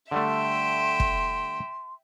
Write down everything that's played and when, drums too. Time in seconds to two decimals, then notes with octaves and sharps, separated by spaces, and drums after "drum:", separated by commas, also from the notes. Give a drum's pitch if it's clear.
0.11 D3 G3 A3 E5 G5 C6
1.00 drum: kick